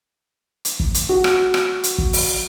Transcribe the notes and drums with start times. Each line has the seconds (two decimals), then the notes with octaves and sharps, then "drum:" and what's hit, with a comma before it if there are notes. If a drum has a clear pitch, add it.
0.65 drum: hi-hat
0.80 drum: kick
0.94 drum: hi-hat
1.09 F#4
1.24 drum: rim click
1.54 drum: rim click
1.84 drum: hi-hat
1.98 drum: kick
2.13 drum: open hi-hat